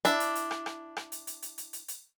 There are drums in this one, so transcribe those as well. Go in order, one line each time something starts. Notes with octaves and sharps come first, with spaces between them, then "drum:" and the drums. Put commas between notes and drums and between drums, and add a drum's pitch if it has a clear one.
D4 E4, drum: hi-hat
drum: hi-hat
drum: hi-hat
drum: rim click
drum: rim click
drum: rim click
drum: hi-hat
drum: hi-hat
drum: hi-hat
drum: hi-hat
drum: hi-hat
drum: hi-hat